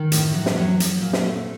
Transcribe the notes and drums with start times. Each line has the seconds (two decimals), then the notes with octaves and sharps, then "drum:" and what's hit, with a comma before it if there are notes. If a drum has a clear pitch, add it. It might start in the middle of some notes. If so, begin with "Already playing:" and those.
Already playing: D#3
0.12 A2, drum: hi-hat
0.34 F#3
0.46 drum: snare
0.57 F#3
0.80 F#3, drum: hi-hat
1.01 A#2
1.13 drum: snare
1.24 A3